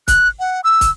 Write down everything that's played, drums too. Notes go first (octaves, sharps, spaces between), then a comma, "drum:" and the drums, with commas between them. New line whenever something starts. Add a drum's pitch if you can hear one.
F#6, drum: kick, hi-hat
F#5
E6
drum: kick, hi-hat